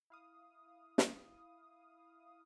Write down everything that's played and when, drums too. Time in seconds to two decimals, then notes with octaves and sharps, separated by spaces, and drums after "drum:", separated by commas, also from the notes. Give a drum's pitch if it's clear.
0.10 E4 F5 D#6
0.98 drum: snare